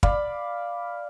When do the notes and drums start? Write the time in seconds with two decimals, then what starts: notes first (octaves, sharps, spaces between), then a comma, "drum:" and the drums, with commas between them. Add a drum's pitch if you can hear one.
0.03 D5 F5 B5, drum: kick